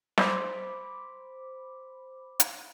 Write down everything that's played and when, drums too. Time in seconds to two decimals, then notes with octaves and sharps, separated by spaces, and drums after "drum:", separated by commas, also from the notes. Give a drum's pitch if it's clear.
0.18 C5 B5 D6, drum: snare
2.40 drum: hi-hat